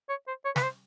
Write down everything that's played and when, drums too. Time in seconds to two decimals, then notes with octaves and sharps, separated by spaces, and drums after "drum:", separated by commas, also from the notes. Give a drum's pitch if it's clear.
0.09 C#5
0.28 C5
0.45 C#5
0.56 B4, drum: snare
0.63 C5